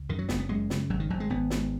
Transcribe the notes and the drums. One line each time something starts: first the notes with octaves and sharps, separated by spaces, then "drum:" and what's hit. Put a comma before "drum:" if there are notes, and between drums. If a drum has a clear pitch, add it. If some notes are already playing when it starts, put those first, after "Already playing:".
Already playing: C#2
F#2 D#3
F#3
F#1 B3, drum: snare
B3
F#2 G#3
C#3, drum: snare
G#1 F#3
D#3
G#1 F#3
G#3
G#1 B3
G#2, drum: snare